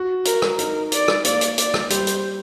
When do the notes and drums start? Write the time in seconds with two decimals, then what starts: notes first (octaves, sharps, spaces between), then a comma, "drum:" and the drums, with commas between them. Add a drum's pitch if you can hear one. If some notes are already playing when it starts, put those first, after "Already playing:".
Already playing: F#4
0.25 A#4, drum: hi-hat
0.42 drum: rim click
0.59 D#4 A#4, drum: hi-hat
0.92 D5, drum: hi-hat
1.08 drum: rim click
1.25 A#3 D5, drum: hi-hat
1.41 drum: hi-hat
1.58 D5, drum: hi-hat
1.74 drum: rim click
1.90 G3 C5, drum: hi-hat
2.07 drum: hi-hat